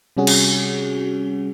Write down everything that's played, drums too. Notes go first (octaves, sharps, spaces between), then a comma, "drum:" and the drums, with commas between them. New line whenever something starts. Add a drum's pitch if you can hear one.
C3 G3 C#4 F#4 G#4
drum: cymbal